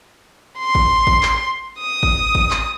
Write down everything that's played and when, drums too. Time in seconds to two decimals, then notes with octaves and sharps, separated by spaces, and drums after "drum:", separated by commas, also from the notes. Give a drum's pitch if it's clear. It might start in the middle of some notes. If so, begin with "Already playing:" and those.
0.59 C6
0.75 drum: kick G#1
1.07 drum: kick G#1
1.23 drum: clap
1.80 D#6
2.03 drum: kick G#1
2.35 drum: kick G#1
2.51 drum: clap